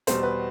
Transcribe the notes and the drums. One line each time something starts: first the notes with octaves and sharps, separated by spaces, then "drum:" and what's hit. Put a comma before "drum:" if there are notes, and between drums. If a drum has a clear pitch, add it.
E2 B2 G3 B3 C5, drum: hi-hat
B4